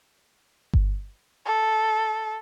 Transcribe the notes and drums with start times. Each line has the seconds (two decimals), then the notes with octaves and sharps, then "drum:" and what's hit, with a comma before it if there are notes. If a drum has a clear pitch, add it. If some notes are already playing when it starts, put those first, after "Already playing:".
0.73 drum: kick G1
1.46 A4